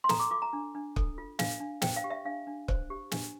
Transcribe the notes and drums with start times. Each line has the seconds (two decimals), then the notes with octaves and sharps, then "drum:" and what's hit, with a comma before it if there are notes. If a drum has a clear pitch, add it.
0.04 C6
0.09 A4 A#5, drum: snare
0.20 D6
0.31 F4 D6
0.42 A#5
0.53 D4
0.75 D4
0.96 A4, drum: kick
1.18 F4
1.39 D4 F5, drum: snare
1.60 D4
1.82 C5 G5, drum: snare
1.96 F5
2.04 G4
2.10 E5
2.25 D4 F5
2.47 D4
2.68 C5, drum: kick
2.90 G4
3.11 D4, drum: snare